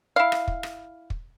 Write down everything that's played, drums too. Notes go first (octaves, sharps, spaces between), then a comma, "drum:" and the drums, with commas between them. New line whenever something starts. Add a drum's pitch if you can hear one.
E4 F5
drum: rim click
drum: kick
drum: rim click
drum: kick